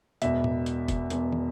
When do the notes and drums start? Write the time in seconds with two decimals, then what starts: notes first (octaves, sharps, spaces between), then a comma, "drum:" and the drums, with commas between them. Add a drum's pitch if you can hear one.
0.22 E1 E2 B2 E5, drum: hi-hat
0.44 drum: tom A2
0.66 drum: hi-hat
0.88 drum: kick F1, hi-hat
1.10 E1 E2 B2, drum: hi-hat
1.33 drum: tom